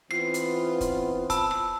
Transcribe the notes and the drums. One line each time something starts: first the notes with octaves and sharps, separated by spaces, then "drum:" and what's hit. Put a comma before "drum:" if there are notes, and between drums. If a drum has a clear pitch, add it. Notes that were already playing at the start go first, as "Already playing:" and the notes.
E3 B3 C4 F4 C7, drum: rim click
drum: hi-hat
drum: kick, hi-hat
A5 B5 E6, drum: kick, hi-hat
drum: rim click